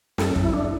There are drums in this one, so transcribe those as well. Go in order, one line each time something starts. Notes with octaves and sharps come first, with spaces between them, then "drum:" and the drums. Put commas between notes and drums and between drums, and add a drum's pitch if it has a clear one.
F#2 A4, drum: snare
F#2, drum: kick
E4
D4